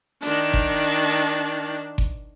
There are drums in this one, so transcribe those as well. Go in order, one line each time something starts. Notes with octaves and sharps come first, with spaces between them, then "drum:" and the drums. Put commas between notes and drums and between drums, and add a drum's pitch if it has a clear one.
D#3 D4, drum: hi-hat
drum: kick G1
drum: kick G1